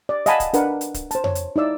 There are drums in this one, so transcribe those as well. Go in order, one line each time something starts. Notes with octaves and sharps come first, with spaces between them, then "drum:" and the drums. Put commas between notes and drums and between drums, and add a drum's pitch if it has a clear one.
D5
D#5 F5 F#5 G#5 A5 B5, drum: hi-hat
drum: kick C#1, hi-hat
D4 A#4 B4 F#5, drum: hi-hat
drum: hi-hat
drum: kick C#1, hi-hat
C5 A5, drum: hi-hat
C#5, drum: tom F2
drum: hi-hat
D#4 E4 D5 E6